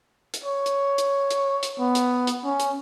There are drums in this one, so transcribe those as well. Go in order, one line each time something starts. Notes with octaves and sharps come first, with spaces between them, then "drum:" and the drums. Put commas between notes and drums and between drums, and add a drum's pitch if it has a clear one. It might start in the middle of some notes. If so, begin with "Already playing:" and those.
drum: hi-hat
C#5
drum: hi-hat
drum: hi-hat
drum: hi-hat
drum: hi-hat
B3
drum: hi-hat
drum: hi-hat
C#4
drum: hi-hat